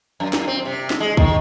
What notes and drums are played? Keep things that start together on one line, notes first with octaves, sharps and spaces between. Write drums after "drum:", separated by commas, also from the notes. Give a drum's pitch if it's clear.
F#2
F#2, drum: snare
C4
C3
drum: snare
G#3
D#3, drum: kick